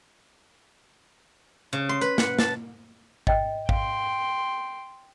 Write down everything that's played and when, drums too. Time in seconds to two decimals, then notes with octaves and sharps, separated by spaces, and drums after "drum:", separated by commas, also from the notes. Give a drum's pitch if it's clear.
1.73 C#3
1.89 C6
2.01 B4
2.18 F#5, drum: snare
2.39 A5, drum: snare
3.27 D#5 G5, drum: kick
3.69 F5 G5 C6, drum: kick